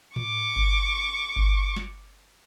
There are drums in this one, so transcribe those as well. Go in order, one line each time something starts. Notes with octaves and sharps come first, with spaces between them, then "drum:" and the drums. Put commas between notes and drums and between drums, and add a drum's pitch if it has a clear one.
C#6 D6, drum: tom A2
drum: kick G1
drum: kick G1
drum: snare